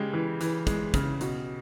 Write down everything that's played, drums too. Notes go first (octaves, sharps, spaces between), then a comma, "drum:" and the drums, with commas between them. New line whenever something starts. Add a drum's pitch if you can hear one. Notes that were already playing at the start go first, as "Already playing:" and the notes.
Already playing: C#3 G#3 G4
E3
E3, drum: hi-hat
G#3, drum: kick, hi-hat
C#3, drum: kick, hi-hat
B2, drum: hi-hat